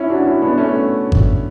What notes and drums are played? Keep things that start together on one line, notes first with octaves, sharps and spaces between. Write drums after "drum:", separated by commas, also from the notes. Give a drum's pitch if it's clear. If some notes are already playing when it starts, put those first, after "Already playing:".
Already playing: C#4 E4
D4 F#4
C#4 E4
B3 D4
A3 C#4
drum: kick G#1